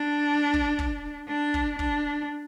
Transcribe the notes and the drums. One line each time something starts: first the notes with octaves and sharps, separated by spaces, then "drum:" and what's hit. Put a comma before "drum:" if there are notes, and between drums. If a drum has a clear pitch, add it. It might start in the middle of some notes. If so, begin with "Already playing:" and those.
Already playing: D4
drum: kick
drum: kick
D4
drum: kick
D4, drum: kick